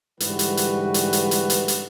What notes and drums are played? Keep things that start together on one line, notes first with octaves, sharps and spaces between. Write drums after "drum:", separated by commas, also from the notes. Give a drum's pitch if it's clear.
G#2 D3 E3 G3 F#4 B4, drum: hi-hat
drum: hi-hat
drum: hi-hat
drum: hi-hat
drum: hi-hat
drum: hi-hat
drum: hi-hat
drum: hi-hat